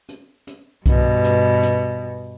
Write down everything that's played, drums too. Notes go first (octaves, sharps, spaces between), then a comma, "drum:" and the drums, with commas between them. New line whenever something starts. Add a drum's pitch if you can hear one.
drum: hi-hat
drum: hi-hat
G2 B2, drum: kick C2, hi-hat
drum: hi-hat
drum: hi-hat